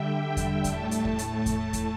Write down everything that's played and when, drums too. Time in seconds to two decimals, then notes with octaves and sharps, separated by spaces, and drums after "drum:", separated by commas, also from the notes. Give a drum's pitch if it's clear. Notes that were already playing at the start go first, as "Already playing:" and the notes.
Already playing: D3 G3 E5 G5
0.23 E5
0.37 drum: kick E2, hi-hat
0.64 A2 A3 A5, drum: kick E2, hi-hat
0.91 drum: hi-hat
1.05 drum: kick E2
1.19 drum: hi-hat
1.46 drum: kick E2, hi-hat
1.73 drum: kick E2, hi-hat